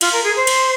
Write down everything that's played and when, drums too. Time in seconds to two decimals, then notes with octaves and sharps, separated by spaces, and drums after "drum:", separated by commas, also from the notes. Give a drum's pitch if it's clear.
0.01 F4, drum: cymbal
0.13 A#4
0.24 G#4
0.36 C5
0.47 drum: cymbal